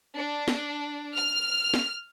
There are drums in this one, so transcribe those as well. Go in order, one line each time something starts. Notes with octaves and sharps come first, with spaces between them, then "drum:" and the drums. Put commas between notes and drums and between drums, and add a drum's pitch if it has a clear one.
D4
drum: snare
F6
drum: snare